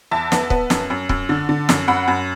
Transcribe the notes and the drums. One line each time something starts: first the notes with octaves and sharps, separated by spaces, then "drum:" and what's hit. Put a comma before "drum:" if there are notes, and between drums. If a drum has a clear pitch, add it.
E2 E5 A5
B3, drum: snare
B3, drum: kick C#1
F#2, drum: snare
F#2
F#2, drum: kick C#1
D3
D3
F#2, drum: snare
F#2 F#5 B5
F#2